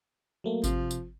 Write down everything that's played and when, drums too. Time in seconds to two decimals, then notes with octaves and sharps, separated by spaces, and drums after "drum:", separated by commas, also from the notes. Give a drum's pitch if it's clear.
0.44 F#3 A3 A#3
0.64 C3 F3, drum: kick G#1, tambourine
0.91 drum: tambourine